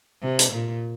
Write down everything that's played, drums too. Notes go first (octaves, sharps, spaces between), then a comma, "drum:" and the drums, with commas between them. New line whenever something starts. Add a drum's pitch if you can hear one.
C3
drum: hi-hat
A#2